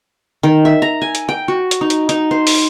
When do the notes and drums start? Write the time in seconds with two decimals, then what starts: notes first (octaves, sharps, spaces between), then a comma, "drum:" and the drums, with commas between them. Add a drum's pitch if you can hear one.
0.43 D#3
0.65 E5
0.82 A#5
1.02 G#5
1.15 drum: hi-hat
1.29 G5
1.48 F#4
1.71 drum: hi-hat
1.81 D#4
1.90 drum: hi-hat
2.09 D#4, drum: hi-hat
2.31 C5
2.47 drum: open hi-hat